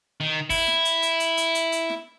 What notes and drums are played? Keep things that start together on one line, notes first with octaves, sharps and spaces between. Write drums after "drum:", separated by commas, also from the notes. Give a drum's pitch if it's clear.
D#3
E4, drum: kick, open hi-hat
drum: snare
drum: hi-hat
drum: hi-hat
drum: hi-hat
drum: hi-hat
drum: hi-hat
drum: hi-hat
drum: snare